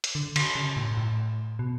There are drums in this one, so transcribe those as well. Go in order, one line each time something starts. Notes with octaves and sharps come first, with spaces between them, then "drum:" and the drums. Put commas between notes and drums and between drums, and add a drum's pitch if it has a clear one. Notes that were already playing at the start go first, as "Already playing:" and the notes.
drum: hi-hat
D3
D3, drum: cymbal
C#3
A2
A2
B2